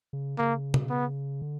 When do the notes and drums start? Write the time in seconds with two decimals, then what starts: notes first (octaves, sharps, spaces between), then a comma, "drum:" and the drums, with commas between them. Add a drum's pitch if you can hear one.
0.13 C#3
0.38 C#3 A#3
0.74 drum: tom B2
0.90 B3
1.42 D3